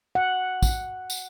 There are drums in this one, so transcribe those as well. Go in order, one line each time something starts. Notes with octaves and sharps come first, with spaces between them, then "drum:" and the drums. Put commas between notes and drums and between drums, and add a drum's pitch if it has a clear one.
F#5
drum: kick, tambourine
drum: tambourine